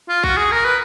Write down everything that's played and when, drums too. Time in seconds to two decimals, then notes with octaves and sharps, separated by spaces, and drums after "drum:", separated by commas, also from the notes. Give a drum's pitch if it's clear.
0.09 F4
0.23 F#4, drum: kick A#1
0.37 G#4
0.52 A#4
0.65 B4